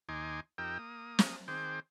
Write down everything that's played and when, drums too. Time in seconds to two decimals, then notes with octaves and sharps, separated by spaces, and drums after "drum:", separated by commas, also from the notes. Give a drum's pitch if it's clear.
0.09 D#2 D#4 G#5 C6 D6
0.58 F2 D#4 G4 A#4 G5 E6
0.79 A#3 D#6
1.19 drum: snare
1.48 D#3 C4 G#4 C5 G5 D6